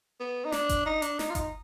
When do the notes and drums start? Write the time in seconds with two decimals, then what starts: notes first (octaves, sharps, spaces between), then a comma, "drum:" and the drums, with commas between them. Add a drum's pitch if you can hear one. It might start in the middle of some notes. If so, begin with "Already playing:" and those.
0.20 B3
0.45 D#4
0.52 D4, drum: snare
0.69 drum: kick G1, hi-hat
0.86 D#4
1.02 D4, drum: hi-hat
1.19 D#4, drum: snare
1.30 F4
1.35 D#4, drum: kick G1, hi-hat